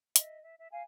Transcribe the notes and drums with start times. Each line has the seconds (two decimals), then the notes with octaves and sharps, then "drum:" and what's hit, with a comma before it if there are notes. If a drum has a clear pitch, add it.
0.16 D#5 E5, drum: hi-hat
0.43 E5
0.60 E5
0.71 F5 G#5